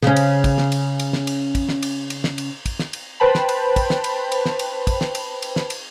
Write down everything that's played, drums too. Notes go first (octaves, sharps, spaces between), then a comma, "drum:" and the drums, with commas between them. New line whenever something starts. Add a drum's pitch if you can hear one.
C#3 C#4, drum: snare
drum: cymbal
drum: kick, cymbal
drum: snare
drum: cymbal
drum: cymbal
drum: snare
drum: cymbal
drum: kick, cymbal
drum: snare
drum: cymbal
drum: cymbal
drum: snare
drum: cymbal
drum: kick, cymbal
drum: snare
drum: cymbal
B4 C5 G5 A5 B5
drum: snare
drum: cymbal
drum: kick, cymbal
drum: snare
drum: cymbal
drum: cymbal
drum: snare
drum: cymbal
drum: kick, cymbal
drum: snare
drum: cymbal
drum: cymbal
drum: snare
drum: cymbal